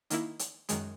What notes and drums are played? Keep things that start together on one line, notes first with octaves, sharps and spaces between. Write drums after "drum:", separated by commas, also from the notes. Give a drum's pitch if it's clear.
D#3 A#3 E4, drum: hi-hat
drum: hi-hat
F#2 D#3 G#3, drum: hi-hat